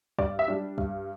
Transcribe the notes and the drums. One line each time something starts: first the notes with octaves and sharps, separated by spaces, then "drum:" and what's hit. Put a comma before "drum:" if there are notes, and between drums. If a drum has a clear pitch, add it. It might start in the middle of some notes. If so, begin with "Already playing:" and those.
G2 D5, drum: kick
E5
G3 D4
G2, drum: kick